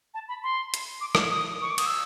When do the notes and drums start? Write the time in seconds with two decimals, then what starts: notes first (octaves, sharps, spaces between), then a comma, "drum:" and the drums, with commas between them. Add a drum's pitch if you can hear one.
0.14 A5
0.28 B5
0.44 C6
0.74 drum: hi-hat
1.01 D6
1.15 D6, drum: rim click
1.29 D#6
1.62 C#6
1.70 D6
1.78 D#6, drum: cymbal
1.86 E6